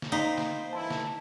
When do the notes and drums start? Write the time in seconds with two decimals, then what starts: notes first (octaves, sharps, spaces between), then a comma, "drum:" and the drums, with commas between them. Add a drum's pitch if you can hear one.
0.02 drum: snare
0.12 A#3 C4 D#4 C5 B5
0.38 drum: snare
0.73 G1 E3 E4 A5
0.90 drum: snare